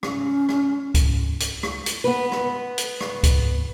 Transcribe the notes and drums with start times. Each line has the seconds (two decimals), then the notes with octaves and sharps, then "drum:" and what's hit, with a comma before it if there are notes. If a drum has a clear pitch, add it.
0.03 C#4, drum: rim click
0.49 drum: rim click
0.94 drum: kick C#2, hi-hat
1.40 drum: hi-hat
1.63 drum: rim click
1.86 drum: hi-hat
2.04 B3 B4
2.32 drum: rim click
2.78 drum: hi-hat
3.01 drum: rim click
3.23 drum: kick C#2, hi-hat